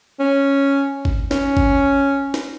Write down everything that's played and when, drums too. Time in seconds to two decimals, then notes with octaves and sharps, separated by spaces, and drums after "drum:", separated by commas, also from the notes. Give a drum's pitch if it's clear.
0.20 C#4
1.05 drum: kick G#1
1.31 C#4, drum: snare
1.57 drum: kick G#1
2.34 drum: snare